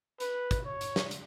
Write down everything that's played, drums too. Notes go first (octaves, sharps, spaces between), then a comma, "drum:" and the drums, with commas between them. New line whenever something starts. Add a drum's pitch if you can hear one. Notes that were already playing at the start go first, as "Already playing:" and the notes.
B4, drum: hi-hat
drum: kick, hi-hat
C#5
drum: hi-hat
drum: snare
drum: hi-hat